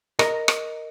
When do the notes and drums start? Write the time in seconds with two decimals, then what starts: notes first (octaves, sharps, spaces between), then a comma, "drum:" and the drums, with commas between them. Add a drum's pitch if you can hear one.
0.19 A#4 D#5 A#5, drum: rim click
0.48 drum: rim click